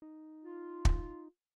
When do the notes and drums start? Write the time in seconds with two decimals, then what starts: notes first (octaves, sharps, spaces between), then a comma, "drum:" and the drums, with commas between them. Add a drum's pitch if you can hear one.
0.02 D#4
0.44 F4
0.85 drum: kick